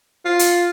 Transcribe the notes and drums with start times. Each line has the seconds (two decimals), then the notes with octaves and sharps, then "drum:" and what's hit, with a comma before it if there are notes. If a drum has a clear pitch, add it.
0.25 F4
0.39 drum: hi-hat